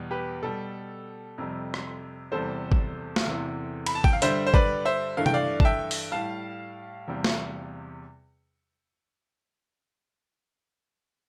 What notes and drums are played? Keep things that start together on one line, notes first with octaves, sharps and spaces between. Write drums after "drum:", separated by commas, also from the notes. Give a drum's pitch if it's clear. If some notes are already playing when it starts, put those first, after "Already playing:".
Already playing: E2 B2 G3
G4 B4
B2 G3 A4
F2 C3 G3
drum: rim click
E2 C3 G3 A4 C5
drum: kick G#1
drum: snare
E2 C3 E3
B5, drum: cymbal
A5
G5, drum: kick G#1
F5
G2 D3 G3 C5 E5, drum: hi-hat
C5
B4 D5, drum: kick G#1
C5 E5
G2 E3 A3 F5
G5, drum: tom C3
D5 F5
A5, drum: kick G#1
E5 G5
drum: open hi-hat
A2 G3 F5 A5
E2 C3 G3
drum: snare